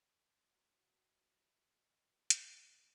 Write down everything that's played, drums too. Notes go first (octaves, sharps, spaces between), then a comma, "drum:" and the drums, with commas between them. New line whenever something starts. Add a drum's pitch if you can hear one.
C6
F#3
A5
B4
D#5
B4
B4, drum: hi-hat
G4